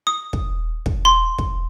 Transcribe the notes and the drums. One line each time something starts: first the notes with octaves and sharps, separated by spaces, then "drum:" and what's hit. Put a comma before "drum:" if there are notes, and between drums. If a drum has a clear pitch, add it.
D#6
drum: kick
drum: kick
C6
drum: kick